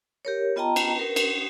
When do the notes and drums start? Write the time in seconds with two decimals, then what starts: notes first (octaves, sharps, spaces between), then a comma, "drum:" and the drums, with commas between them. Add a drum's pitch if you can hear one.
0.25 G4 A#4 C#5
0.56 B3 F4 D#5 G5 A5 A#5
0.76 drum: cymbal
0.96 A#4 B4
1.16 drum: cymbal